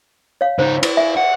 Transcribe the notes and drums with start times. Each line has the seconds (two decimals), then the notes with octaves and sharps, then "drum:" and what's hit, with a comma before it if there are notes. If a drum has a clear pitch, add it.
0.41 C#5 F5
0.59 C#3 D#4 C5
0.83 E4, drum: cymbal
0.97 E5 G#5
1.17 F#5